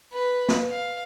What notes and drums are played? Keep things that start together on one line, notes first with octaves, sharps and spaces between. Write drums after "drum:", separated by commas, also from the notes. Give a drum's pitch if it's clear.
B4
drum: snare
F5